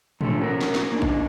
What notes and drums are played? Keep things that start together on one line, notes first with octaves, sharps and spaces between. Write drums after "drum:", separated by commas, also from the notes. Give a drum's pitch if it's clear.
F2 D3 F3 A3, drum: tom A2
C#4 G4 A#4
drum: snare
drum: snare
A#3 D4 D#4
drum: kick A1